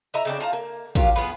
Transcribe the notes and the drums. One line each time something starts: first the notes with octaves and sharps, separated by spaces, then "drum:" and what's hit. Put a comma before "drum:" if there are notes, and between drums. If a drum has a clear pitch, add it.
D#5 E5 A#5
C#3 C4 D4
F4 A5 A#5
A#3
F#3 A#3 F4 G4, drum: kick, cymbal
B3 F4 G#4 B4